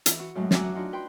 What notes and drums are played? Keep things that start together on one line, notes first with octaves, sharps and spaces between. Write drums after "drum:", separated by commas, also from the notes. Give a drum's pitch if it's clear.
E3, drum: hi-hat
F#4
F#2 A2 F#3 G#3
F#4 E5 F#5 G#5 A#5 D6, drum: snare
D4 D#4 F4 F#4
B4 G5 C6